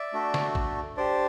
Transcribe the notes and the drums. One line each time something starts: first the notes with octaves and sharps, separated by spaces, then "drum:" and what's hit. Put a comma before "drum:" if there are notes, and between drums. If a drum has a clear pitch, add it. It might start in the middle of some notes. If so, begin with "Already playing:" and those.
Already playing: D5 E5
A3 D4 F#4 A4
drum: snare
drum: kick
D4 G4 C5 D5